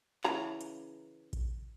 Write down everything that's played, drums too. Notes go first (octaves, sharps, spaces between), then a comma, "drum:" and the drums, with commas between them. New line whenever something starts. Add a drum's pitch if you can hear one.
C#3 E3 A#5, drum: clap
drum: hi-hat
drum: kick A#1, hi-hat